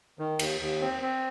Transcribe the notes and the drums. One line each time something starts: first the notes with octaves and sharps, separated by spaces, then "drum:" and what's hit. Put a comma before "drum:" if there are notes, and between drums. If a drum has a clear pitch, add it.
D#3
D#2, drum: cymbal
D#2
C4
C4